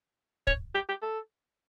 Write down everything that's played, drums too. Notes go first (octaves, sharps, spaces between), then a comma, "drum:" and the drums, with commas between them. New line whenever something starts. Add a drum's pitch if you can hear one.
C#5, drum: kick
G4
G4
A4